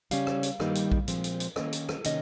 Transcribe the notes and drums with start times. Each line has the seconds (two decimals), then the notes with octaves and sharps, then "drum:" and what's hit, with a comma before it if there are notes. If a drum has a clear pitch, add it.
0.11 C#3 G3 C#4 F5, drum: hi-hat
0.27 drum: rim click
0.43 drum: hi-hat
0.60 G2 D#3 G3 A#3 D#4, drum: rim click
0.75 drum: hi-hat
0.92 drum: kick A#1
1.08 A#2 F3 G#3 C4, drum: hi-hat
1.24 drum: hi-hat
1.40 drum: hi-hat
1.56 D#3 A#3 C#4 D#5, drum: rim click
1.72 drum: hi-hat
1.89 drum: rim click
2.04 C3 D#3 A#3 C#4 D#5, drum: hi-hat